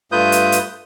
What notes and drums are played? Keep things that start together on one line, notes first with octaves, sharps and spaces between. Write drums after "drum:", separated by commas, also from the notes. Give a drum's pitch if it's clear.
G2 A3 F4 B4 D#6 G6
drum: hi-hat
drum: hi-hat